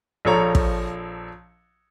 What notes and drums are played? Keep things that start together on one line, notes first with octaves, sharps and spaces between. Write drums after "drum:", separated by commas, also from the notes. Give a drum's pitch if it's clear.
A#1 F3 A4 C#5 A#5
drum: kick